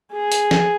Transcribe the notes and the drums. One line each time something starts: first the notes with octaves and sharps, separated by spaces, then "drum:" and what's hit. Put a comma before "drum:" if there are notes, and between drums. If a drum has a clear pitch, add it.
G#4
drum: hi-hat
drum: snare